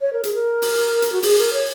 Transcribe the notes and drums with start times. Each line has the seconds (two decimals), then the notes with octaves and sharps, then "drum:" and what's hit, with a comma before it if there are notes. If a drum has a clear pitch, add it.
0.01 C#5
0.13 A#4
0.23 G#4, drum: hi-hat
0.34 A#4
0.62 drum: open hi-hat
1.02 drum: hi-hat
1.12 F#4
1.22 G#4, drum: open hi-hat
1.38 A#4
1.53 C#5